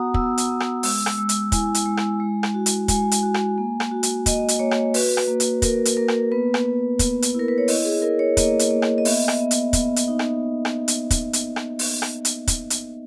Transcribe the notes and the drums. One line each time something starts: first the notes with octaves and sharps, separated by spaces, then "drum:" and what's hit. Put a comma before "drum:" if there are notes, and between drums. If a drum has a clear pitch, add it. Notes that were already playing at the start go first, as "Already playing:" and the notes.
Already playing: B3 F#4 F#5 A#5 D#6
B3 E6, drum: kick
drum: hi-hat
B3
drum: rim click
G#3 E6, drum: open hi-hat
drum: rim click
G#3 E6
drum: hi-hat
E4 G#5, drum: kick, hi-hat
drum: hi-hat
G#3
drum: rim click
G#3
drum: rim click
F#4
drum: hi-hat
G#3 G#5, drum: kick, hi-hat
drum: hi-hat
F#4
drum: rim click
A#3
drum: rim click
F#4
drum: hi-hat
A#3 D#5, drum: kick, hi-hat
drum: hi-hat
A#3 C#5
drum: rim click
F#4 B4, drum: open hi-hat
drum: rim click
A#3
drum: hi-hat
A#3 A#4, drum: kick, hi-hat
drum: hi-hat
A#3 A#4
drum: rim click
B3 B4
drum: rim click
B3
B3, drum: kick, hi-hat
drum: hi-hat
E4 A#4
B4
C#5
E4 D#5, drum: open hi-hat
G#4
E4 A#4
C#5
A#3 D#5, drum: kick, hi-hat
drum: hi-hat
A#3
drum: rim click
D#5
B3 E5, drum: open hi-hat
drum: rim click
B3
drum: hi-hat
B3, drum: kick, hi-hat
drum: hi-hat
D#4
drum: rim click
drum: rim click
drum: hi-hat
drum: kick, hi-hat
drum: hi-hat
drum: rim click
drum: open hi-hat
drum: rim click
drum: hi-hat
drum: kick, hi-hat
drum: hi-hat